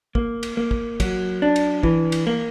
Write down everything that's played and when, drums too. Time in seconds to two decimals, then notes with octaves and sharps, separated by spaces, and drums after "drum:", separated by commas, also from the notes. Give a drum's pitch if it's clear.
0.15 A#3, drum: kick
0.43 drum: cymbal
0.57 A#3
0.71 drum: kick
1.00 F#3, drum: kick, cymbal
1.42 D4
1.56 drum: cymbal
1.83 E3, drum: kick
2.12 drum: cymbal
2.27 A#3